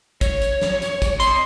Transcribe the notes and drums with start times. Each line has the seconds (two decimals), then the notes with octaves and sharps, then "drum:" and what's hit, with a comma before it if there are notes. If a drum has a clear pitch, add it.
0.21 C#5, drum: kick, hi-hat
0.41 drum: hi-hat
0.62 drum: snare
0.82 drum: hi-hat
1.02 drum: kick, hi-hat
1.20 D#5 B5 C6, drum: hi-hat